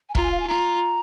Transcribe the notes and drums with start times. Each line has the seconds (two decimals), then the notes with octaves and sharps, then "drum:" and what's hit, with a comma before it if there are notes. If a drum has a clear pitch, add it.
0.09 G#5
0.15 F4 A#5, drum: kick
0.23 G#5
0.31 F5
0.40 G#5
0.47 F4 A#5